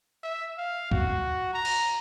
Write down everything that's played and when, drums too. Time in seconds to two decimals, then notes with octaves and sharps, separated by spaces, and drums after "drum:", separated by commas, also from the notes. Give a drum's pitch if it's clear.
0.23 E5
0.57 F5
0.91 F#4, drum: kick C#2
1.54 A#5
1.65 drum: cymbal